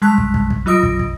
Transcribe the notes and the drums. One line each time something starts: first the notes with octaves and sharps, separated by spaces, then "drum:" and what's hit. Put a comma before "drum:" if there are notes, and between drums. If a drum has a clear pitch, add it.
G3 G#3 A5 F#6 B6
drum: kick
drum: kick
drum: kick
F#3 F4 D#5 D#6 A#6 D7
drum: kick
drum: kick